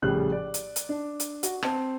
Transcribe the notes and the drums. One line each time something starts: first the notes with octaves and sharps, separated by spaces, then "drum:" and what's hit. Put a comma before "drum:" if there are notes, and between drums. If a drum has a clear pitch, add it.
A#1 A2 C#3 G3 F#6
D5
drum: hi-hat
drum: hi-hat
D4
drum: hi-hat
F#4, drum: hi-hat
C4 A5, drum: rim click